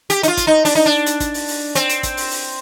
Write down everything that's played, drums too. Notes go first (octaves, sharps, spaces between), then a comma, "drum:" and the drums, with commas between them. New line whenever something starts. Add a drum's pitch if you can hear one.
G4, drum: hi-hat
D#4, drum: hi-hat
F4
drum: kick, hi-hat
D#4
D4, drum: open hi-hat
D#4
D4
drum: hi-hat
drum: kick, hi-hat
drum: open hi-hat
drum: open hi-hat
C4, drum: hi-hat
drum: hi-hat
drum: kick, hi-hat
drum: open hi-hat
drum: open hi-hat